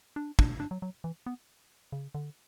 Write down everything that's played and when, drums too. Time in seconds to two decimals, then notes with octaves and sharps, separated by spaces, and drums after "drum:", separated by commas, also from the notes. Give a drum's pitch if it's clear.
0.16 D4
0.39 D4, drum: kick
0.60 D4
0.71 F#3
0.82 F#3
1.04 E3
1.26 B3
1.92 C#3
2.15 D3